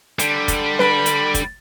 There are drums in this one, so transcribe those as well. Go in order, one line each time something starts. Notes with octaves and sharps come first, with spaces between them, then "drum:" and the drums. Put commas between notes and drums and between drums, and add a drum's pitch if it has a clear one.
D3 G3, drum: hi-hat
drum: kick, hi-hat
B4 B5, drum: snare
drum: hi-hat
drum: kick, hi-hat